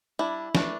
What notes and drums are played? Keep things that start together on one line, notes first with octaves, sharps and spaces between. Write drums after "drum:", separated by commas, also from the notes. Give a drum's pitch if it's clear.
G3 D4 E4
E3 A3 D4, drum: snare